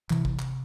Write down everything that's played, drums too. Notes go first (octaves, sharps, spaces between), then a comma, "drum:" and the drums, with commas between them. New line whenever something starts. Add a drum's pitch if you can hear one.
C3 E3, drum: clap
drum: kick G1
drum: clap